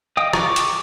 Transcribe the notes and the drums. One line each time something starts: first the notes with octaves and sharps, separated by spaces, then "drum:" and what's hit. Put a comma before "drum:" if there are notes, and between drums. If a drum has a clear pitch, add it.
D#5 F5 G5 D#6
C#6 D6, drum: rim click
drum: hi-hat